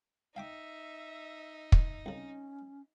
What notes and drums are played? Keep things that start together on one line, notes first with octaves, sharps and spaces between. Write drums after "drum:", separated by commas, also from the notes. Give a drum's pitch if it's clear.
D#4 E5 F5 G5 D6
drum: kick
C2 C#3 C#4